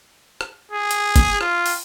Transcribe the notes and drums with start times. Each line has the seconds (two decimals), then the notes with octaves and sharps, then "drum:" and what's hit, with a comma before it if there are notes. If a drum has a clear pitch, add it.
0.41 drum: rim click
0.71 G#4
0.91 drum: hi-hat
1.16 drum: kick G1, hi-hat
1.41 F4, drum: rim click
1.66 drum: open hi-hat